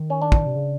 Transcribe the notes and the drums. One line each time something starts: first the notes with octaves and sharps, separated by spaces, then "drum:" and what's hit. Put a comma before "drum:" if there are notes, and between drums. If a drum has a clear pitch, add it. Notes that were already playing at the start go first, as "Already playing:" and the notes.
Already playing: D#3
C#4
D4
drum: kick
C3
C#3